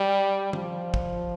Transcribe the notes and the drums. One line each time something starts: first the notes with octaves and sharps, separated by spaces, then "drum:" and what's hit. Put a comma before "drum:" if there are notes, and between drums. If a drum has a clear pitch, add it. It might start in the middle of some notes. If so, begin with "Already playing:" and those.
Already playing: G3
F3, drum: tom
drum: kick